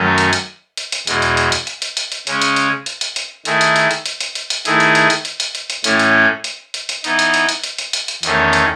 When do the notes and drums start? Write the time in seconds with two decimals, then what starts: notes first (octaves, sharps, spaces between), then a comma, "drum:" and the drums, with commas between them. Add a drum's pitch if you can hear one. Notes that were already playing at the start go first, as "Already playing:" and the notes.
Already playing: F#2 D#3 F#3 A3 C#4
0.18 drum: hi-hat
0.33 drum: hi-hat
0.77 drum: hi-hat
0.92 drum: hi-hat
1.07 E2 B2 G#3, drum: hi-hat
1.22 drum: hi-hat
1.37 drum: hi-hat
1.52 drum: hi-hat
1.67 drum: hi-hat
1.82 drum: hi-hat
1.97 drum: hi-hat
2.12 drum: hi-hat
2.27 C#3 G#3 C#4, drum: hi-hat
2.42 drum: hi-hat
2.56 drum: hi-hat
2.86 drum: hi-hat
3.01 drum: hi-hat
3.16 drum: hi-hat
3.45 D#3 A3 E4 G#4, drum: hi-hat
3.61 drum: hi-hat
3.76 drum: hi-hat
3.91 drum: hi-hat
4.06 drum: hi-hat
4.20 drum: hi-hat
4.35 drum: hi-hat
4.50 drum: hi-hat
4.65 D#3 A3 E4 G#4, drum: hi-hat
4.80 drum: hi-hat
4.95 drum: hi-hat
5.10 drum: hi-hat
5.25 drum: hi-hat
5.40 drum: hi-hat
5.55 drum: hi-hat
5.70 drum: hi-hat
5.84 A2 E3 A3 C#4, drum: hi-hat
5.99 drum: hi-hat
6.44 drum: hi-hat
6.74 drum: hi-hat
6.89 drum: hi-hat
7.04 E3 B3 D#4, drum: hi-hat
7.19 drum: hi-hat
7.34 drum: hi-hat
7.49 drum: hi-hat
7.64 drum: hi-hat
7.78 drum: hi-hat
7.93 drum: hi-hat
8.08 drum: hi-hat
8.23 E2 D#3 A3 C#4, drum: hi-hat
8.53 drum: hi-hat